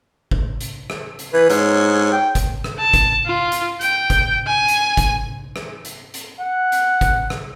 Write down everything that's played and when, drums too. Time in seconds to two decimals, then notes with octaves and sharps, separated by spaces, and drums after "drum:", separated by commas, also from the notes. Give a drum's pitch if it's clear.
0.31 drum: kick
0.61 drum: hi-hat
0.90 drum: rim click
1.19 drum: hi-hat
1.33 E3 B4
1.49 G#2 C#5, drum: hi-hat
2.12 G5
2.35 drum: kick, hi-hat
2.64 drum: rim click
2.79 A5
2.94 drum: kick, hi-hat
3.26 F4
3.52 drum: hi-hat
3.81 G5, drum: hi-hat
4.10 drum: kick, hi-hat
4.47 G#5
4.68 drum: hi-hat
4.97 drum: kick, hi-hat
5.56 drum: rim click
5.85 drum: hi-hat
6.14 drum: hi-hat
6.40 F#5
6.72 drum: hi-hat
7.01 drum: kick, hi-hat
7.30 drum: rim click